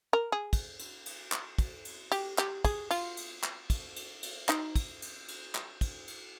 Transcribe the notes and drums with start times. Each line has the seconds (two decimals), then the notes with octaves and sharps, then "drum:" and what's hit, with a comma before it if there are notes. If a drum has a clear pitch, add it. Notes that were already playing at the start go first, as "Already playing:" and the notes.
0.13 A#4
0.32 G#4
0.53 drum: kick, cymbal
0.79 drum: cymbal
1.06 drum: cymbal
1.32 drum: clap
1.58 drum: kick, cymbal
1.85 drum: cymbal
2.12 G4, drum: cymbal
2.38 G4, drum: clap
2.64 G#4, drum: kick, cymbal
2.91 F4, drum: cymbal
3.17 drum: cymbal
3.43 drum: clap
3.70 drum: kick, cymbal
3.96 drum: cymbal
4.23 drum: cymbal
4.49 D#4, drum: clap
4.75 drum: kick, cymbal
5.02 drum: cymbal
5.28 drum: cymbal
5.55 drum: clap
5.81 drum: kick, cymbal
6.08 drum: cymbal